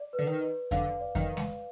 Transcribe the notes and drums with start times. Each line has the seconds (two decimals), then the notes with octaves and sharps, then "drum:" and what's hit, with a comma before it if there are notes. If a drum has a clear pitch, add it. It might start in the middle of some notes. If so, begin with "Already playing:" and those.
Already playing: D5
0.13 B4
0.19 D3
0.27 D#3
0.42 B4
0.71 D3 F5, drum: kick F2, hi-hat
1.00 D5
1.15 D#3, drum: kick F2, hi-hat
1.37 drum: snare G#3